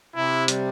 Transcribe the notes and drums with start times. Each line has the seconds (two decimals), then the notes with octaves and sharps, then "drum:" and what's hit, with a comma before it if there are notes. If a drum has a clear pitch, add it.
0.16 C3 E4
0.48 G3, drum: hi-hat